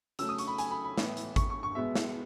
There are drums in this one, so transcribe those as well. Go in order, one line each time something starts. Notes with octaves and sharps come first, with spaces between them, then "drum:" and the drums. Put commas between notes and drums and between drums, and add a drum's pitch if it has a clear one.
C#3 F#3 A3 E6, drum: hi-hat
D#6
C#6, drum: hi-hat
B5
G#5, drum: hi-hat
B5
B5
A2 E3 B3, drum: snare
drum: hi-hat
C#6, drum: kick G#1, hi-hat
C#6
C#6
B2 G#3 B3 E5
drum: snare